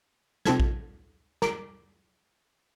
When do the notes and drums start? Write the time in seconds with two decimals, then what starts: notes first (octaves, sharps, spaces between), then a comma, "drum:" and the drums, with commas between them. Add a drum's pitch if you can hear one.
0.45 C3 F3 A4 G#6, drum: snare
0.60 drum: kick A#1
1.42 A#4 D6, drum: snare